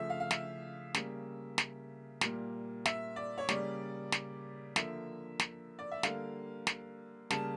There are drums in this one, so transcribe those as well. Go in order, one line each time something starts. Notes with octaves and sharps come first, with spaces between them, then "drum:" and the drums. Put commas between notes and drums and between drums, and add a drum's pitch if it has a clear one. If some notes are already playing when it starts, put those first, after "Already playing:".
Already playing: C#3 F3 A3 E5
F5
F5
E5, drum: snare
C#3 G3 A#3, drum: snare
drum: snare
A#2 G3 A#3, drum: snare
E5, drum: snare
D5
C#5
C#3 G3 A#3 D5, drum: snare
drum: snare
D3 F3 A#3 E5, drum: snare
drum: snare
D5
E5
D3 G3 A#3 F5, drum: snare
drum: snare
C#3 G3 A#3 A5, drum: snare